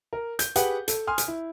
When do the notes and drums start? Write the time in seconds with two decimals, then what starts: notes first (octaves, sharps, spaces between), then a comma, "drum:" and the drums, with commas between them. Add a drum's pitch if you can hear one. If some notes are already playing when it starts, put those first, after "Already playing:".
0.13 A#4
0.39 G6, drum: hi-hat
0.56 G4 G#4 B4 F#5, drum: hi-hat
0.88 A4, drum: hi-hat
1.07 G#5 C6 D#6 F6
1.18 drum: hi-hat
1.28 E4